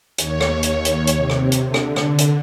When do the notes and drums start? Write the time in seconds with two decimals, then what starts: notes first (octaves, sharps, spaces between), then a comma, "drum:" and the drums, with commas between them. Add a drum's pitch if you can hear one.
0.18 D#2 C#5, drum: hi-hat
0.41 drum: rim click
0.63 drum: hi-hat
0.85 drum: hi-hat
1.07 drum: hi-hat
1.17 C3
1.30 drum: rim click
1.52 drum: hi-hat
1.64 D3
1.74 drum: rim click
1.96 drum: rim click
2.19 drum: hi-hat